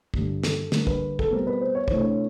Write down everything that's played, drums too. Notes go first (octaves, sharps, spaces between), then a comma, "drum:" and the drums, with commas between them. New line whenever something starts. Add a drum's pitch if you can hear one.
G2 D3 G3, drum: kick
A4, drum: snare
D3 G3 A#3 A#4, drum: snare
B4, drum: kick
A4, drum: kick
B2 G3 C4 A#4
B4
C5
C#5
C3 E3 A3 D4 C5, drum: kick
C#5